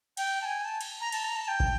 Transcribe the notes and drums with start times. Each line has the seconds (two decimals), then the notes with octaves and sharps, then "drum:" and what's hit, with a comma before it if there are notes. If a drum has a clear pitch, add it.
0.17 G5, drum: cymbal
0.41 A5
0.45 G#5
0.65 A5
0.81 drum: cymbal
1.01 A#5
1.12 A5, drum: cymbal
1.24 A#5
1.36 A5
1.48 G5
1.60 drum: kick